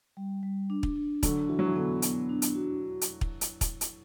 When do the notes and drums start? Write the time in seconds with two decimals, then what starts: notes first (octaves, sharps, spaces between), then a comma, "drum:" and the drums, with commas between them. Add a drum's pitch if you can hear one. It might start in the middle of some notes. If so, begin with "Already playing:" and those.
0.17 G3
0.43 G3
0.70 D4
0.83 drum: kick
0.96 D4
1.23 D3 F#3 D4, drum: kick, hi-hat
1.49 E3 F#4
1.59 F#3
1.67 E3
1.76 D3 B3
2.02 B3, drum: hi-hat
2.29 D4
2.42 drum: hi-hat
2.55 F#4
3.01 drum: hi-hat
3.21 drum: kick
3.41 drum: hi-hat
3.61 drum: kick, hi-hat
3.81 drum: hi-hat